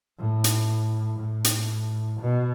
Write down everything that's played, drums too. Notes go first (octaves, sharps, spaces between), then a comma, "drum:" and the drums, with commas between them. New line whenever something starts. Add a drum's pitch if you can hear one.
A2
drum: hi-hat
A2
drum: hi-hat
B2